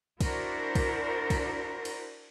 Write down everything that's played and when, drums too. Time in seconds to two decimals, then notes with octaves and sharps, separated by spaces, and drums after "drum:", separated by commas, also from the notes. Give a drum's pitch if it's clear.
0.21 D4 E4 F#4 A#4 C5, drum: kick, cymbal
0.75 drum: kick, cymbal
1.30 drum: kick, cymbal
1.85 drum: cymbal